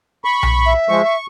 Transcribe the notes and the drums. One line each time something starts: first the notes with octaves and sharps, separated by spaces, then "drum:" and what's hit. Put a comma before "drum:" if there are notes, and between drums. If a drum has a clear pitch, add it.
B5 C#6
drum: tom B1
E5
F3 G#3 C#6
C#6